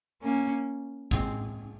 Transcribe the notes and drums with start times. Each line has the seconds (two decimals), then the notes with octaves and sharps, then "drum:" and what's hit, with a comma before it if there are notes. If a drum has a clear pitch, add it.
0.22 A#3 C#4
1.11 G#3 C4, drum: kick